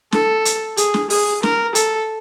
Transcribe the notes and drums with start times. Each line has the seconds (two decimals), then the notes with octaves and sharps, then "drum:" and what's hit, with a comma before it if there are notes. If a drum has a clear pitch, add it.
0.12 A4, drum: snare
0.45 drum: hi-hat
0.77 G#4, drum: hi-hat
0.94 drum: snare
1.10 G#4, drum: open hi-hat
1.43 A#4, drum: snare
1.75 A4, drum: hi-hat